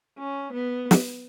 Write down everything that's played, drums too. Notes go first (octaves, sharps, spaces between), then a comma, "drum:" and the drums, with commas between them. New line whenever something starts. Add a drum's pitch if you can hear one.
C#4
B3
drum: snare